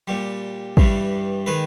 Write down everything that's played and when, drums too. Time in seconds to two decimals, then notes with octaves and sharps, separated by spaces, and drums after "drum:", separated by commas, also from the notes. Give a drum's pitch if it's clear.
0.08 A#2 G3
0.77 G2 E3 G3, drum: kick
1.46 D#3 G#3 B4